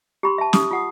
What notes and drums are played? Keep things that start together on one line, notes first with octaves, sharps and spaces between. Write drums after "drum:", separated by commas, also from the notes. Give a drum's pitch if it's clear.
G4 B5 C6
E5 A5
G4 D#6, drum: snare
F4 F#5 D#6